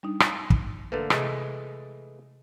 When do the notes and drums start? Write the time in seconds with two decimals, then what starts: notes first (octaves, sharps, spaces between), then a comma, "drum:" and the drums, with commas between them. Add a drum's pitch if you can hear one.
0.03 G3 D4 D#4
0.20 drum: rim click
0.50 drum: kick
0.92 D3 A3 A#3 B4
1.10 C3 E3 G#3 A3, drum: rim click